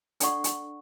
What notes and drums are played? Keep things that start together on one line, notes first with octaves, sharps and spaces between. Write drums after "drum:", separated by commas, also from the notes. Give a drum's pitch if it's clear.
D4 A4 D5 F#5 C#6, drum: hi-hat
drum: hi-hat